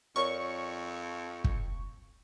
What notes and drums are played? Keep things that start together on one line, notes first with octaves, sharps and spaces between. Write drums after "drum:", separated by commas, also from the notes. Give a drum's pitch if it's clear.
F2 A#4 C#5 D5 C#6
drum: kick